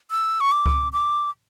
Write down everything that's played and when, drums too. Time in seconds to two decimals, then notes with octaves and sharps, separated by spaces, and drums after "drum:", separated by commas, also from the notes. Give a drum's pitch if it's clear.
0.11 E6
0.40 C#6
0.52 D6
0.66 drum: kick C#2
0.93 D6